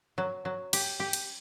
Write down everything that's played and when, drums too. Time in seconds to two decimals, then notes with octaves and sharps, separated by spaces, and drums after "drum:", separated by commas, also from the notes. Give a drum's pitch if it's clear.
0.18 F#3
0.45 F#3
0.73 G4, drum: cymbal
1.00 G4
1.13 drum: cymbal